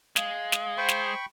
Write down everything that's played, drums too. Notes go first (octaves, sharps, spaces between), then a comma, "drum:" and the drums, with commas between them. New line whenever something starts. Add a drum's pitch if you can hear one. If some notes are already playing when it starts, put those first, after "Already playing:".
G#3 F5, drum: snare
drum: snare
C5 G5 B5 C#6
drum: snare